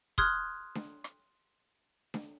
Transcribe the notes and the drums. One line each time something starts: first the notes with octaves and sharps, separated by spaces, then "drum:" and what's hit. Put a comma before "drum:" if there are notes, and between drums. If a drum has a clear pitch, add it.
C6 D#6 F6 F#6 G#6, drum: kick
drum: snare D4
drum: rim click
drum: snare D4